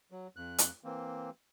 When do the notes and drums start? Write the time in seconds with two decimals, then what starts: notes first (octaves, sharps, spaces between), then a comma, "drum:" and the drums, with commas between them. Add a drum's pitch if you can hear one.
0.11 F#3
0.36 F2 F#6
0.58 drum: hi-hat
0.84 E3 A#3 C4